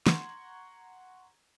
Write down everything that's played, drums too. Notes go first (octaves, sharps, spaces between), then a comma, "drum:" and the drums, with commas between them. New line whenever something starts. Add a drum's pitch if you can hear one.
F#5 A#5 C6 C#6 G#6, drum: snare